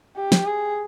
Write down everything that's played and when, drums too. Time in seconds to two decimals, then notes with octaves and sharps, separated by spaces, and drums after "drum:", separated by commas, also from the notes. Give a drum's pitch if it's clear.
0.17 G4
0.32 drum: snare
0.46 G#4